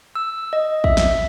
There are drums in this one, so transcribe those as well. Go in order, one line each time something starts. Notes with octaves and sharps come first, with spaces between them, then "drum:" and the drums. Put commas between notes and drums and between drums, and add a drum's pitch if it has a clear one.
E6
D#5
E5, drum: kick
drum: snare